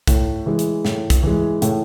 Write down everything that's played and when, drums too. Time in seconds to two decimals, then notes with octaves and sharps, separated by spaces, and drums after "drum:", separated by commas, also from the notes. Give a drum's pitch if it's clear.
0.07 A2, drum: kick B1, hi-hat
0.46 E3 G#3
0.59 drum: hi-hat
0.85 A2, drum: snare
1.10 drum: kick B1, hi-hat
1.23 E3 G#3
1.62 A2, drum: hi-hat